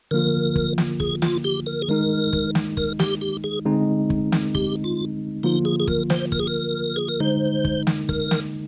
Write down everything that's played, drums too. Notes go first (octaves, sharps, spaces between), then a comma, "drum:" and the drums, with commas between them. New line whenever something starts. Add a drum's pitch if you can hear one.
D3 F3 A#3 F4 A#4
drum: kick
drum: snare
G#4, drum: kick
F4, drum: snare
G4
A#4
G#4
D#3 G#3 D#4 A#4
drum: kick
drum: snare
A#4, drum: kick
G4, drum: snare
G4
G#4
D3 G#3 C4 D#4
drum: kick
drum: snare
G4, drum: kick
F4
D3 F3 A#3 D#4 F4
G#4
G#4
A#4, drum: kick
C5, drum: snare
A#4, drum: kick
G#4
A#4
G#4
A#4
D3 G#3 D#4 C5
drum: kick
drum: snare
A#4, drum: kick
drum: snare